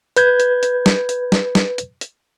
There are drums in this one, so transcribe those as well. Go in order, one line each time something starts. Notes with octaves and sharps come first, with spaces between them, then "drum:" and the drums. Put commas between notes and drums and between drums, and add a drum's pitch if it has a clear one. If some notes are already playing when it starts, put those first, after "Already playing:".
B4 G6 G#6, drum: hi-hat
drum: hi-hat
drum: hi-hat
drum: snare
drum: hi-hat
drum: snare
drum: snare
drum: hi-hat
drum: hi-hat